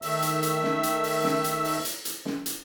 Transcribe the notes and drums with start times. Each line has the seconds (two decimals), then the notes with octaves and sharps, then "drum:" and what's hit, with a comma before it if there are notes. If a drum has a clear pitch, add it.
0.02 D#3 A3 E5 E6, drum: open hi-hat
0.22 drum: hi-hat
0.43 drum: hi-hat
0.63 drum: snare
0.83 drum: hi-hat
1.04 drum: open hi-hat
1.24 drum: snare
1.44 drum: hi-hat
1.64 drum: open hi-hat
1.85 drum: hi-hat
2.05 drum: hi-hat
2.25 drum: snare
2.46 drum: hi-hat